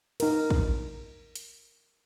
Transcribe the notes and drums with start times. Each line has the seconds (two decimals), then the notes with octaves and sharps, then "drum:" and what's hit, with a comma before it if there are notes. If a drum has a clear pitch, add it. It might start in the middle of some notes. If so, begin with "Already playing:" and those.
0.20 D#4 A#4, drum: cymbal
0.50 drum: kick
1.35 drum: hi-hat